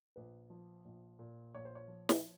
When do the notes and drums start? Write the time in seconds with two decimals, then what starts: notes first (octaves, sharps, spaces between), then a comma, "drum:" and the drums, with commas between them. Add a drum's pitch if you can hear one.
0.16 A#1 B4
0.50 F3
0.85 A#1
1.19 A#2
1.54 A#1 C#5
1.65 C5
1.75 C#5
1.88 F3
2.09 drum: snare